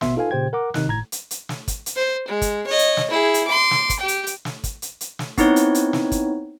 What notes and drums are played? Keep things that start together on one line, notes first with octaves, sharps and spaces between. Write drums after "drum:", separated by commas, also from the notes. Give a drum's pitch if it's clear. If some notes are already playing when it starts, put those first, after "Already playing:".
A1 B2 B3 E5 C6, drum: snare
D#4 F4 A4 B4 F5 G#5
A#2 C#3 G4 C5 G5 G#6
A#4 F#5 A#5 D6
C3 D#3 D#4 F#6, drum: snare
G1 A2 A#5 G#6
drum: hi-hat
drum: hi-hat
drum: snare
drum: kick, hi-hat
drum: hi-hat
C5
G#3
drum: kick, hi-hat
C#5 D#5
drum: hi-hat
drum: snare
E4 G#4
drum: hi-hat
C6 D6
drum: snare
drum: kick, hi-hat
G4 G5
drum: hi-hat
drum: hi-hat
drum: snare
drum: kick, hi-hat
drum: hi-hat
drum: hi-hat
drum: snare
B3 C4 D#4 E4 C#5, drum: kick, hi-hat
drum: hi-hat
drum: hi-hat
drum: snare
drum: kick, hi-hat